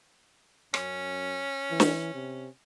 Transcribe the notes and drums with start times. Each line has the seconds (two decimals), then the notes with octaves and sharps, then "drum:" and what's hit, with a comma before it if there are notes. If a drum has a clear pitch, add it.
0.74 F#2 C#4, drum: rim click
1.71 E3
1.80 drum: snare
2.14 C3